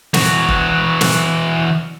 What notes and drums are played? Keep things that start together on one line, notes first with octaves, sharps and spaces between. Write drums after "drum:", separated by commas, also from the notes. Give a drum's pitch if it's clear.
E3 F#4, drum: snare
drum: kick
drum: snare